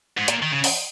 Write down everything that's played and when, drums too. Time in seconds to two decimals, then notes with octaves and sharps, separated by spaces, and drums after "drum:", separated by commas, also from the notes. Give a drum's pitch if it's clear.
0.17 G#2
0.28 A#2, drum: hi-hat
0.42 D#3
0.52 C#3
0.64 drum: open hi-hat